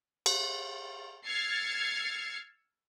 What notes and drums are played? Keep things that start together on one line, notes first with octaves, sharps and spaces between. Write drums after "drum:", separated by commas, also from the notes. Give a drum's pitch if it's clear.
drum: cymbal
E6 F6 G#6 A6 C7 C#7